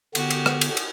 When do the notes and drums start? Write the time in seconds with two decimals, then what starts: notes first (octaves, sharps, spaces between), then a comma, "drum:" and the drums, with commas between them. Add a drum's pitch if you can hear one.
0.15 D3 B3 F#4 G4, drum: cymbal
0.30 drum: cymbal
0.46 drum: rim click
0.61 drum: cymbal
0.77 drum: cymbal